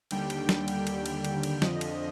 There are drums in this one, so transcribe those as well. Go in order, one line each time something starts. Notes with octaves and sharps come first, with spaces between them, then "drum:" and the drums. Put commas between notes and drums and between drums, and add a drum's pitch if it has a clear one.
D#2 D3 G3 G5, drum: cymbal
drum: cymbal
drum: snare
drum: cymbal
drum: cymbal
drum: cymbal
drum: cymbal
drum: cymbal
F2 D3 F3 D#5, drum: snare
drum: cymbal